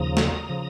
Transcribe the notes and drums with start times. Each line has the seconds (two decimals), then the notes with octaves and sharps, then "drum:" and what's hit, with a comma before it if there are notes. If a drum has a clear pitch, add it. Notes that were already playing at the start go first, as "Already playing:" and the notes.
Already playing: D#2 C#3 F3 A#5 D#6
0.17 drum: snare
0.49 C#3 F3